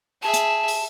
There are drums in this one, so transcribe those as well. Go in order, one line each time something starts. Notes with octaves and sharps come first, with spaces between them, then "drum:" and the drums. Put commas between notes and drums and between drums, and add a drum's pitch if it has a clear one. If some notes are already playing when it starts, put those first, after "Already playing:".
G#4 E5 A5
drum: hi-hat
drum: open hi-hat